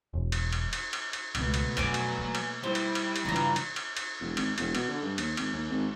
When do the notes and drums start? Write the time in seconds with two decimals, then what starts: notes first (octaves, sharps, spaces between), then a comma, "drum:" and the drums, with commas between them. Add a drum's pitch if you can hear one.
0.14 E1
0.32 drum: cymbal
0.52 drum: cymbal
0.73 drum: cymbal
0.93 drum: cymbal
1.13 drum: cymbal
1.35 C#2 B2 A3 B4, drum: cymbal
1.54 drum: cymbal
1.77 F2 F#3 D4 D5 G#5 D6, drum: cymbal
1.94 drum: cymbal
2.18 A#3
2.35 drum: cymbal
2.63 G3 E4 C5
2.75 drum: cymbal
2.95 drum: cymbal
3.16 drum: cymbal
3.25 G2 C#3 E3 D4 F4 B4 A#5
3.36 drum: cymbal
3.56 drum: cymbal
3.76 drum: cymbal
3.97 drum: cymbal
4.20 E1
4.37 G#1, drum: cymbal
4.58 E1, drum: cymbal
4.75 B2, drum: cymbal
4.88 D3
5.02 G2
5.18 D#2, drum: cymbal
5.37 G#1, drum: cymbal
5.53 D#2
5.70 G#1